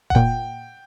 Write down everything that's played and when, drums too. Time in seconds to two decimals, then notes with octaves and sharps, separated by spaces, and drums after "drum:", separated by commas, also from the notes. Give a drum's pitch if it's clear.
0.10 F#5, drum: kick F1
0.15 A#2 G5